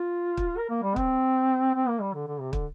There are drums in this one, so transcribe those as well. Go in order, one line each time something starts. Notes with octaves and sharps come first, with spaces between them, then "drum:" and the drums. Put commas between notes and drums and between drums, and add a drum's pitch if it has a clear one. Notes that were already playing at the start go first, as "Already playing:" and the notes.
Already playing: F4
drum: kick
A#4
A#3
G3
C4, drum: kick
C4
A#3
G3
D3
D3
C3
D3, drum: kick